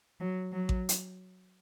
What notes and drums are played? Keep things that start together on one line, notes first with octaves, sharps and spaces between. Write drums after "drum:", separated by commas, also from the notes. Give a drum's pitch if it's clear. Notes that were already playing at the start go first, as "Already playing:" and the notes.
F#3
F#3
drum: kick A1
drum: hi-hat